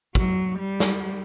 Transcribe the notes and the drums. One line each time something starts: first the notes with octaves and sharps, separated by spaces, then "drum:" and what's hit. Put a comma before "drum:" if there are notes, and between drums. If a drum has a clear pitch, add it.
F#3, drum: kick
G3
drum: snare